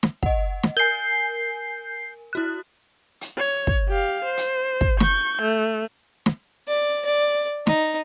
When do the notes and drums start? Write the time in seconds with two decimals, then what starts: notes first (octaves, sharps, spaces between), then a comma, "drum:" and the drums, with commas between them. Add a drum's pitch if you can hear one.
0.03 drum: snare
0.23 D#5 F#5, drum: kick
0.63 drum: snare
0.77 A#4 G#5 G6 C7
2.33 E4 F#4 F#6
3.21 drum: hi-hat
3.37 C#5
3.67 drum: kick
3.89 G4 F5
4.25 C5
4.37 drum: hi-hat
4.81 drum: kick
5.00 C#6 G6, drum: snare
5.42 A3
6.26 drum: snare
6.68 D5
7.05 D5
7.67 D#4, drum: snare